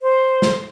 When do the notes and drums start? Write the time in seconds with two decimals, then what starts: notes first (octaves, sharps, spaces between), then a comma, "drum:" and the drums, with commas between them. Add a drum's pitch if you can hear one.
0.01 C5
0.42 drum: snare